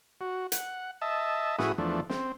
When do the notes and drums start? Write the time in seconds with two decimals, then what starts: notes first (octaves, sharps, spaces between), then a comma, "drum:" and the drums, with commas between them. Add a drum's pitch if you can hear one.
0.21 F#4
0.52 F#5, drum: hi-hat
1.01 D#5 E5 A5
1.59 A2 E4 F#4 G#4 B4 D#6, drum: snare
1.78 E2 F3 A3 D4
2.10 C4, drum: snare